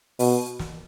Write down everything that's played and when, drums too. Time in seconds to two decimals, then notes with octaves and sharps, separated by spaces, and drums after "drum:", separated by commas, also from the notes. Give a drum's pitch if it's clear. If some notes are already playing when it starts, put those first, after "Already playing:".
0.19 B2, drum: open hi-hat
0.59 drum: snare